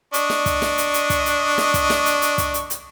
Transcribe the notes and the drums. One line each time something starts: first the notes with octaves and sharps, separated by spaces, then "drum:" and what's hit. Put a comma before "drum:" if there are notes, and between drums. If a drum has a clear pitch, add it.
D4 D#5 C#6, drum: hi-hat
drum: snare
drum: kick, hi-hat
drum: snare
drum: hi-hat
drum: hi-hat
drum: kick, hi-hat
drum: hi-hat
drum: snare
drum: kick, hi-hat
drum: snare
drum: hi-hat
drum: hi-hat
drum: kick, hi-hat
drum: hi-hat
drum: hi-hat